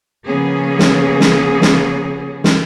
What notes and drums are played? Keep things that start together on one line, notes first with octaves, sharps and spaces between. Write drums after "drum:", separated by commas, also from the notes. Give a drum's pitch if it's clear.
C#3 F3 A#3 B3 C#4 G#4
drum: snare
drum: snare
drum: snare
drum: snare